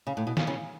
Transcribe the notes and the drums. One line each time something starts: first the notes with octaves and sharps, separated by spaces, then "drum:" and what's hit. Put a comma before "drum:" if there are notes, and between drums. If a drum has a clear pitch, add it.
C#3
A2
B2
C#3, drum: snare
C#3